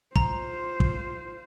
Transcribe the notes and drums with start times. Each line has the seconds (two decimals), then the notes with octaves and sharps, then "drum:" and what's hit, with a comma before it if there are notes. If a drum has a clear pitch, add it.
0.16 F4 C5 A#5, drum: kick
0.80 drum: kick